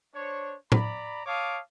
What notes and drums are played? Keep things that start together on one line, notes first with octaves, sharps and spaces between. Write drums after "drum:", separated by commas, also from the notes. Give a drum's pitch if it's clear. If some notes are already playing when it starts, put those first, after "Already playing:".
D4 C5 C#5
D5 A#5 B5, drum: tom A2
C#5 F5 A5 D6 D#6